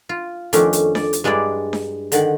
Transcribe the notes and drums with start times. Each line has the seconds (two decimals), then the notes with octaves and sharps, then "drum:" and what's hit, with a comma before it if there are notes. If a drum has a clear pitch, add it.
0.09 F4
0.53 F2 D#3 A3 C#4 D4, drum: hi-hat
0.73 drum: hi-hat
0.95 D5, drum: snare D4
1.13 drum: hi-hat
1.24 G2 G#3 D4 E4 D5 B5
1.73 drum: snare D4
2.12 D3 D#3 F#5, drum: hi-hat